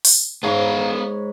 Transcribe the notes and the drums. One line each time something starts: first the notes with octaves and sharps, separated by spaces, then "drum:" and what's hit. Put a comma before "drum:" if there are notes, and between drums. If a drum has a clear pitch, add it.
drum: open hi-hat
G#2 B3 C#5 F5 B5